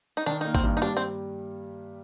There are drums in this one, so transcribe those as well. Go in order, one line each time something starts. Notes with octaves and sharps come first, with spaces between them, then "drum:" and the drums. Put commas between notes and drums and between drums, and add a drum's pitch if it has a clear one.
D#4
D#3 D4
A#3 D#4
C4, drum: kick
G2
D#4
G3 D4
C4